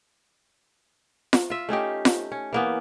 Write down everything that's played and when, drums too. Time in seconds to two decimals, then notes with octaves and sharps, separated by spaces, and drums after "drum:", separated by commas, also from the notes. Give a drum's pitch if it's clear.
1.33 drum: snare F4
1.50 F4 E5
1.69 A3 C#4 D#4 G4
2.05 drum: snare F4
2.32 C#4
2.53 E3 A#3 B3